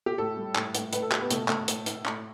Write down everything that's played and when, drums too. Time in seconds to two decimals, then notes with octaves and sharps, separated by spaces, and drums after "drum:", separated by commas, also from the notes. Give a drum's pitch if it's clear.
0.06 G4
0.18 A2 A4
0.37 G3
0.55 A2, drum: clap
0.75 A2, drum: hi-hat
0.93 A2 B4, drum: hi-hat
1.02 A4
1.12 A2 G4, drum: clap
1.21 B3
1.31 B2 A3, drum: hi-hat
1.48 B2 A3, drum: clap
1.68 A2, drum: hi-hat
1.86 A2, drum: hi-hat
2.06 A2, drum: clap